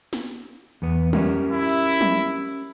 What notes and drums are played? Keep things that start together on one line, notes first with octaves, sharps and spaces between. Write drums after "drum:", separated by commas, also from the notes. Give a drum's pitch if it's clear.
drum: snare
E2 B3
C#4 G4 A#4, drum: tom F3
E4
drum: cymbal
drum: tom F3